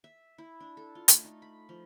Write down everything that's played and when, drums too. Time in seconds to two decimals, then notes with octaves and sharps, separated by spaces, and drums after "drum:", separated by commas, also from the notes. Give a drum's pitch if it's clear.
0.04 E5
0.38 E4
0.60 D4
0.77 A4
0.95 F4
1.08 A3, drum: hi-hat
1.24 D#4
1.42 B5
1.69 F3